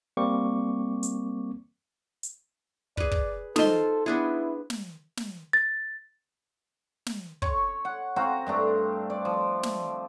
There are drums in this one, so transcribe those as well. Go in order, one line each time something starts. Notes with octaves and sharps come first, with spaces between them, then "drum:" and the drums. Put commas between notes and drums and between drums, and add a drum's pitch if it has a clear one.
G3 A#3 C4 C#6 D6
drum: hi-hat
drum: hi-hat
G#4 B4 D5, drum: kick
drum: kick
D#4 F4 A4 C5 D#5 C6, drum: snare
B3 D4 E4 G#4
drum: snare
drum: snare
A6
drum: snare
C#5 C#6, drum: kick
F#5
C4 F#4 F5 A#5
G2 A3 D4 A#5
D5
F3
drum: snare